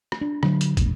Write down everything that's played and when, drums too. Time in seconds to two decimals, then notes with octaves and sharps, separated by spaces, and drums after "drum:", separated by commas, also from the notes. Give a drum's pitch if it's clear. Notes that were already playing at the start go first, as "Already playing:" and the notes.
0.12 drum: rim click
0.21 D4
0.43 D3 F#3, drum: rim click
0.61 drum: hi-hat
0.77 E1 A#1, drum: kick, hi-hat